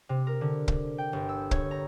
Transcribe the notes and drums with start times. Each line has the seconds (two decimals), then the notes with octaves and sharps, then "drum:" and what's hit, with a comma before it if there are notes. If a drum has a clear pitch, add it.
0.09 C3
0.27 A#4
0.41 D3
0.68 drum: kick
0.98 G5
1.13 G1
1.29 E6
1.51 C#5, drum: kick
1.71 A#5